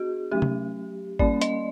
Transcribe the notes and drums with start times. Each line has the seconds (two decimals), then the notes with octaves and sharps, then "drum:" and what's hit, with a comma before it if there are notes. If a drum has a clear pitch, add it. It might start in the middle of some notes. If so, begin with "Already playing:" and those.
Already playing: B3 D4 F#4 G#4
0.31 F#3 A3 C#4 G4
0.42 drum: tom C3
1.19 G3 A#3 C#4 D5, drum: kick G#1
1.41 D#5, drum: hi-hat